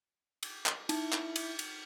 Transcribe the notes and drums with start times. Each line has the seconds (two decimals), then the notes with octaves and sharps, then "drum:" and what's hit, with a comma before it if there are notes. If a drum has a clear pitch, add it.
0.43 drum: cymbal
0.66 drum: clap
0.89 D#4 E4, drum: cymbal
1.12 drum: clap
1.36 drum: cymbal
1.59 drum: cymbal